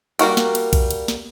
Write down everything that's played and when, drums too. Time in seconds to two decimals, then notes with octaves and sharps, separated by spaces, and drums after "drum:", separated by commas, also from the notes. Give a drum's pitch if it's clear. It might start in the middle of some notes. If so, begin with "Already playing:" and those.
0.19 G3 A#3 F#4 A#4, drum: cymbal
0.37 drum: snare
0.55 drum: cymbal
0.73 drum: kick, cymbal
0.91 drum: cymbal
1.08 drum: snare